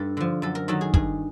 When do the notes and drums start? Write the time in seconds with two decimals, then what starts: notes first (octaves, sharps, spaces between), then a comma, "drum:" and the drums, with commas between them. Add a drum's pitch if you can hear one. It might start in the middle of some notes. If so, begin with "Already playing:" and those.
Already playing: G2 A4
0.17 D3 F3
0.42 F#2 A4
0.55 A#4
0.68 D#3 F#3 A4
0.81 G#4
0.94 G2 G#4, drum: kick